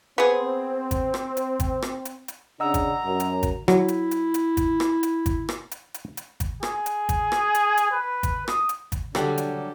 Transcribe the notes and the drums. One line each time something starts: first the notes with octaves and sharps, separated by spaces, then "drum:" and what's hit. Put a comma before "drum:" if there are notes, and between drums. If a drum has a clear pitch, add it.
B3 C4 G#4
drum: kick G#1, hi-hat
drum: rim click
drum: hi-hat
drum: kick G#1, hi-hat
drum: rim click
drum: hi-hat
drum: hi-hat
C#3 D4 D#5 F#5 A#5 E6
drum: kick G#1, hi-hat
F#2
drum: hi-hat
drum: kick G#1, hi-hat
F#3 E4, drum: rim click
drum: hi-hat
drum: hi-hat
drum: hi-hat
drum: kick G#1, hi-hat
drum: rim click
drum: hi-hat
drum: kick G#1, hi-hat
drum: rim click
drum: hi-hat
drum: hi-hat
drum: hi-hat
drum: kick G#1, hi-hat
G#4, drum: rim click
drum: hi-hat
drum: kick G#1, hi-hat
drum: rim click
drum: hi-hat
drum: hi-hat
B4
drum: kick G#1, hi-hat
D#6, drum: rim click
drum: hi-hat
drum: kick G#1, hi-hat
D3 F#3 G3 G4 A4, drum: rim click
drum: hi-hat